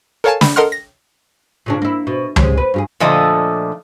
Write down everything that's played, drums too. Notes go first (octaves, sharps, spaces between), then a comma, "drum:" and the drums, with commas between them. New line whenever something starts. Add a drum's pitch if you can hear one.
A4 A#4 C#5 F5 G#5 A5
B5, drum: snare
A4 A#4 D#5 F#5 C6 F6
A#6
A#2 C#3 D4
A#3 E4
B2
G#3 C#4 G4, drum: tom C#2
B4
G2 G4 G#4
A#2 D3 F3 A3 D#5